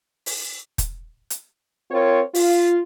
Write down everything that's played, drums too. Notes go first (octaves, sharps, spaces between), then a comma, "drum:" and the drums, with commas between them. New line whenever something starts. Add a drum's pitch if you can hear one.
drum: open hi-hat
drum: kick, hi-hat
drum: hi-hat
C4 F4 A#4 C5 C#5
F4, drum: open hi-hat